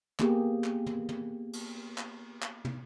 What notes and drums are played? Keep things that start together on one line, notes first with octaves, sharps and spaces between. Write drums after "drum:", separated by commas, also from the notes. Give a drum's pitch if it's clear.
A#3 B3 G4 G#4, drum: clap
drum: clap
drum: tom
drum: tom
drum: cymbal
drum: clap
drum: clap
drum: tom